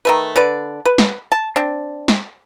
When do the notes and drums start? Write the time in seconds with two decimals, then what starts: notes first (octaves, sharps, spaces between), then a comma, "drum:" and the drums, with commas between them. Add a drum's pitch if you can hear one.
0.05 D#3 A3 B4
0.36 D3 B4 D5
0.85 B4
0.98 drum: snare
1.32 A5
1.56 C4 D4
2.08 drum: snare